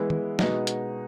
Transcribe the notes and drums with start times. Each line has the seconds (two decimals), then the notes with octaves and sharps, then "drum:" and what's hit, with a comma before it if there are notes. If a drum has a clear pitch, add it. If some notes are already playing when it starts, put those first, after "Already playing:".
Already playing: E3 G#3 B3 E4
0.10 drum: tom
0.39 B2 G#3 B3 D#4 F#4, drum: snare F3
0.67 drum: hi-hat